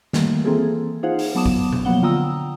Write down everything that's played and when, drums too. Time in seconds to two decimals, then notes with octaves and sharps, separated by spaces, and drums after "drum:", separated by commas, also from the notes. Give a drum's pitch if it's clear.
0.13 D#3 G3 A3 A#3, drum: snare
0.44 E3 A#3 C4 F4 G#4 A4
1.03 D#4 F4 G#4 C5 F5 F#5
1.19 drum: open hi-hat
1.35 F#3 B3 A5 D6 D#6 E7
1.46 drum: kick
1.72 drum: tom B2
1.85 F3 F#3 A#3 B3 F#5 G7
2.02 D3 F4 G5 A#5 D#6 E6